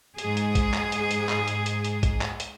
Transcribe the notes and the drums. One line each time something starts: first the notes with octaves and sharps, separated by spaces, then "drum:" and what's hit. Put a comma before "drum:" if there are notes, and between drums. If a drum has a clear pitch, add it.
G#2 G#4, drum: hi-hat
drum: hi-hat
drum: kick, hi-hat
drum: clap
drum: hi-hat
drum: hi-hat
drum: clap
drum: hi-hat
drum: hi-hat
drum: hi-hat
drum: kick, hi-hat
drum: clap
drum: hi-hat